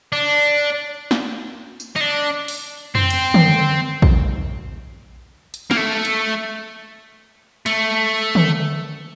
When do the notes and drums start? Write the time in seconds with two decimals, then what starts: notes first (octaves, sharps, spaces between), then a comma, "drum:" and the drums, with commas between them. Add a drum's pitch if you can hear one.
0.13 D4
1.11 drum: snare
1.80 drum: tambourine
1.96 D#4
2.01 D4
2.48 drum: open hi-hat
2.95 C4, drum: tom F2
3.10 drum: cymbal
3.34 drum: tom
4.02 drum: kick
5.54 drum: hi-hat
5.71 A#3, drum: snare
5.77 A3
6.05 drum: hi-hat
7.66 A3, drum: hi-hat
8.35 drum: tom